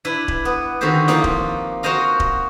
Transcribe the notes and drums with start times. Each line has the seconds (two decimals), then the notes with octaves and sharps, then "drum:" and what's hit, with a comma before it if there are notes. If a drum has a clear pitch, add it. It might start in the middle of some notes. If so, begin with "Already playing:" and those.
0.05 D4 E4 B4
0.28 drum: kick D#1
0.45 B3
0.81 D3 D#3 C4 F#4 G4 C5
1.08 F3 A#3 D#4, drum: snare E4
1.24 drum: kick D#1
1.83 F#4 A#4 C5 D#5 F5
2.20 drum: kick D#1